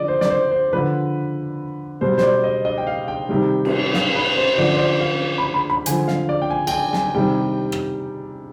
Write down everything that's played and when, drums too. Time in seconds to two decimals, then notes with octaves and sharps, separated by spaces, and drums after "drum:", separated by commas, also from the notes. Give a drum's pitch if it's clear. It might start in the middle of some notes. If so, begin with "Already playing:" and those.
Already playing: D3 F3 D5 D#5
0.08 C5
0.21 D5, drum: snare
0.30 C5
0.51 C5
0.73 D3 F3 B4
2.01 B2 G3 C5
2.18 C5, drum: snare
2.23 D5
2.44 D#5
2.65 D#5
2.78 G5
2.87 F5
3.08 G5
3.29 C3 D#3 G3
3.65 drum: cymbal
3.94 F5, drum: snare
4.15 B4
4.36 C5
4.58 D3 F3 D5
4.74 C5
4.79 D5
5.00 F5
5.38 B5
5.54 B5
5.70 B5
5.86 D3 F3 G#5, drum: hi-hat
6.08 F5, drum: snare
6.29 D5
6.42 G5
6.50 G#5
6.67 G5, drum: cymbal
6.72 G#5
6.93 G#5, drum: snare
7.15 C3 D#3 G3 G5
7.72 drum: rim click